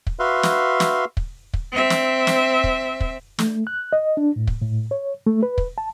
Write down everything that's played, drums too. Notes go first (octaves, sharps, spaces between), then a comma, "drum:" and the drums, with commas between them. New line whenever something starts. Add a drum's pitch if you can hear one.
drum: kick
F#4 B4 E5 F5 C6
drum: snare
drum: snare
drum: kick
drum: kick
C4 E5
drum: snare
drum: snare
drum: kick
drum: kick
A3, drum: snare
F#6
D#5
D4
A2
drum: kick
A2
C#5
A3
B4
drum: kick
A5